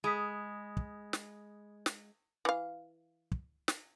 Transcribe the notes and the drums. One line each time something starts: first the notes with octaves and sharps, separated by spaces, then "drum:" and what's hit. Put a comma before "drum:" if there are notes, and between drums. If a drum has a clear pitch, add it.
G#3 B5 D#6 B6
drum: kick
drum: snare
drum: snare
E3 F5
drum: kick
drum: snare